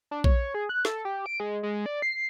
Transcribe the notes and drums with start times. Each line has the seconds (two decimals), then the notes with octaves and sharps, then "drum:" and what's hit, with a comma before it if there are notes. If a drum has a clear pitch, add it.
0.11 D4
0.24 C#5, drum: kick A#1
0.54 G#4
0.69 F#6
0.85 A4, drum: snare
1.05 G4
1.26 D7
1.40 G#3
1.63 G#3
1.86 D5
2.02 C7